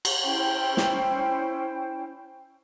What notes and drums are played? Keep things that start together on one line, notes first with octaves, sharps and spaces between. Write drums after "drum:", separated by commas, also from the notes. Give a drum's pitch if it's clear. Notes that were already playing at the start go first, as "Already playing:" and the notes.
drum: cymbal
C#4 E4 C5 G5
drum: snare